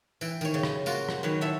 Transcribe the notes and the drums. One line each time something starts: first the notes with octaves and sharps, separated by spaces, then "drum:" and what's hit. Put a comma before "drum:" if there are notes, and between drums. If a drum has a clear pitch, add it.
E3 G5, drum: tambourine
D#3 C#5, drum: tambourine
C#3
drum: rim click
A#3 F4 F#4, drum: tambourine
drum: rim click
D#3 F#3 B4 C#5
E4 A4 C#5 E5